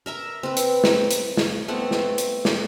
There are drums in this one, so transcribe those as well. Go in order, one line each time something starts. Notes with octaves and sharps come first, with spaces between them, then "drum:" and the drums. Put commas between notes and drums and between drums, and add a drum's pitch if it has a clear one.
A#4 E5 A#5
C4 B4
drum: hi-hat
drum: snare
drum: hi-hat
drum: snare
A3 B3 C4 F#5
drum: snare
drum: hi-hat
drum: snare